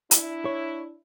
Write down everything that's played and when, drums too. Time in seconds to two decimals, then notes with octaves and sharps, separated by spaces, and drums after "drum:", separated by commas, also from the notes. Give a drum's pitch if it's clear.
0.11 D4 E4, drum: hi-hat
0.45 C#5